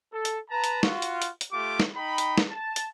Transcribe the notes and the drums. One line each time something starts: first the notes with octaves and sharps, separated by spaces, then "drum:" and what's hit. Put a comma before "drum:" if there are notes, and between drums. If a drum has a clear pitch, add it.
A4
drum: hi-hat
B4 A5 A#5
drum: hi-hat
F4 F#4, drum: snare
drum: hi-hat
drum: hi-hat
drum: hi-hat
A3 F4 G4 D6
drum: snare
D#4 G5 B5
drum: hi-hat
drum: snare
A5
drum: hi-hat